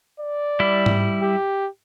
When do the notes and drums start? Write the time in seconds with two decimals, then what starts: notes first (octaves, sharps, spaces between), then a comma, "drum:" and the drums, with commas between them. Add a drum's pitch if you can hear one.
0.20 D5
0.60 G3 E4
0.86 drum: tom G#2
1.22 G4